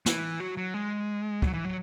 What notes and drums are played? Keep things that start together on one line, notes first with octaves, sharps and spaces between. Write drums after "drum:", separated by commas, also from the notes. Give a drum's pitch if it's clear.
E3, drum: snare
F#3
F#3
G#3
F#3, drum: kick
E3
F#3